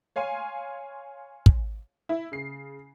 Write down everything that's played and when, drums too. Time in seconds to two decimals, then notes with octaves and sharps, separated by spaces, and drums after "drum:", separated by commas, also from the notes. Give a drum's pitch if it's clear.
0.16 C#5 F5 G#5 C6
1.46 drum: kick
2.09 E4
2.32 C#3 C7